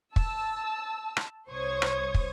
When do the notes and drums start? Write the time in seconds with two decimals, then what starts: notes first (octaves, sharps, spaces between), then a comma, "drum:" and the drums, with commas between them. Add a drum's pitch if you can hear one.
0.16 A5 E6, drum: kick
1.17 drum: rim click
1.49 C2 C5 C#5 C#6 D#6 G#6
1.82 drum: rim click
2.14 drum: kick